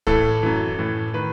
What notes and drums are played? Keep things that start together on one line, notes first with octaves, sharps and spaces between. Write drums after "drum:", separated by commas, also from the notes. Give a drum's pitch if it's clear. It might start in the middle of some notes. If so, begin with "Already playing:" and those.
A2 E3 A4, drum: kick
F#2 E3
A2 E3
D#3 B4